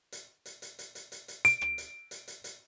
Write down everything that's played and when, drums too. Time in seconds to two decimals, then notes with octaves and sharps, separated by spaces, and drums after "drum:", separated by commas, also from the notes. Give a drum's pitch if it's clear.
0.12 drum: hi-hat
0.46 drum: hi-hat
0.62 drum: hi-hat
0.79 drum: hi-hat
0.95 drum: hi-hat
1.12 drum: hi-hat
1.28 drum: hi-hat
1.45 D7, drum: hi-hat
1.61 drum: rim click
1.78 drum: hi-hat
2.11 drum: hi-hat
2.28 drum: hi-hat
2.44 drum: hi-hat